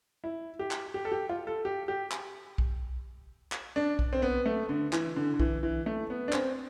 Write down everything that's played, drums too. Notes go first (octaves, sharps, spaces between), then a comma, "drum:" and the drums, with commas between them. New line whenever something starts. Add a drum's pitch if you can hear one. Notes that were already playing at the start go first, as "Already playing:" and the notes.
E4
G4
drum: clap
G4
A4
G4
F4
A4
G4
G4
drum: clap
drum: kick B1
drum: clap
D4
drum: kick B1
C4
B3
A3
D3
E3, drum: clap
D3
D3
E3, drum: kick B1
E3
A3
B3
D4
C4, drum: clap